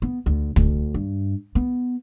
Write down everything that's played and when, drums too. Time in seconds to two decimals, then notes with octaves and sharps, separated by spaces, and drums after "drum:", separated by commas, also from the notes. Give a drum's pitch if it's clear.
0.02 B3
0.26 D2
0.56 D2, drum: kick
0.94 G2
1.55 B3